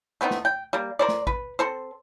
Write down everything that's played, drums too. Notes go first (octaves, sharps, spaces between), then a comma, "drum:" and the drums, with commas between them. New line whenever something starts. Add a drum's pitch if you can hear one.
A3 B3 C4 D#4
drum: snare
G5
G3 A#3
A#4 C5 D5
drum: snare
B4, drum: kick A1
C4 A4 C5